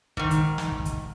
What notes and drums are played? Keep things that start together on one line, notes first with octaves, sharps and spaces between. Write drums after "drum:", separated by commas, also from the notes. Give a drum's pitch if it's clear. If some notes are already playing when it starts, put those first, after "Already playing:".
G#2 D#3, drum: kick
drum: kick, hi-hat
drum: snare
drum: kick
drum: kick, hi-hat